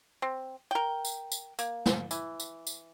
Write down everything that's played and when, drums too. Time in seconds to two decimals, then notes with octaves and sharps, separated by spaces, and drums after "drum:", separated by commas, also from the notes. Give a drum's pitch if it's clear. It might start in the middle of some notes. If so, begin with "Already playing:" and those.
0.22 C4
0.71 A#4 G5
1.05 drum: tambourine
1.32 drum: tambourine
1.59 A#3, drum: tambourine
1.86 drum: snare
2.11 E3, drum: tambourine
2.40 drum: tambourine
2.67 drum: tambourine